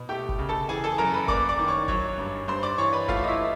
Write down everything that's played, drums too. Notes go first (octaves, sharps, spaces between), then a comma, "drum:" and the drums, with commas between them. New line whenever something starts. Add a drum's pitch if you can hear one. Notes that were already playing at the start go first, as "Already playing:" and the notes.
Already playing: B2
A3 G4 G5
drum: kick F#1
C#3
A4 A5
E3 G#4 G#5
A4 A5
F#2 A#4 A#5
B4 B5
A#3 D5 D6, drum: kick F#1
D5 D6
D#3
C#5 C#6
F#3 C#5 C#6, drum: kick F#1
G2
G2 C5 C6
D5 D6
E3 C#5 C#6
B4 B5
A3 F4 F5, drum: kick F#1
D#5
E4 E5